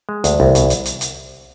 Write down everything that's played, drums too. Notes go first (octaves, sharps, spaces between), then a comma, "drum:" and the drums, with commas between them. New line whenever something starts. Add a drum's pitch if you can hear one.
G#3
D2, drum: hi-hat
C2
B2, drum: hi-hat
drum: hi-hat
drum: hi-hat
drum: hi-hat